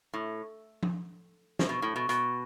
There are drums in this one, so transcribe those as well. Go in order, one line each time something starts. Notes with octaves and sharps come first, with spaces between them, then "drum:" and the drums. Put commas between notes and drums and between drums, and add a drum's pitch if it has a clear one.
A2
drum: tom F3
A2, drum: snare
B2
A2
B2
B2, drum: hi-hat